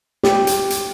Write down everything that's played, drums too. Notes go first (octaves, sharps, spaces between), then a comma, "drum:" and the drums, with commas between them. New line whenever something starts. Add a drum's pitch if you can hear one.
G4, drum: snare
drum: hi-hat
drum: hi-hat